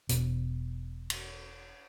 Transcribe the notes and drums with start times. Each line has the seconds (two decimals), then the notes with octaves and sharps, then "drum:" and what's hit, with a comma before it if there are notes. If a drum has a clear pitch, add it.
0.09 E1 B2, drum: hi-hat
1.10 drum: cymbal